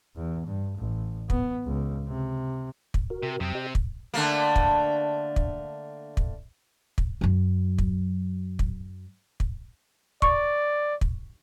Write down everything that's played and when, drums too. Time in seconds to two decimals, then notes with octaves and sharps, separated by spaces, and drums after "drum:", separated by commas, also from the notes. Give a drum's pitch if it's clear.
0.16 E2
0.46 G2
0.78 A1
1.30 B3, drum: kick
1.66 C#2
2.08 C3
2.94 drum: kick
3.10 F#4 A#4
3.23 C3
3.40 F2 C3 F#3 C4 D#6
3.55 G4 D#5
3.75 drum: kick
4.14 D3 A3 A#3
4.56 drum: kick
5.36 drum: kick
6.17 drum: kick
6.98 drum: kick
7.21 F#2 F#3
7.79 drum: kick
8.59 drum: kick
9.40 drum: kick
10.22 D5 C#6, drum: kick
11.01 drum: kick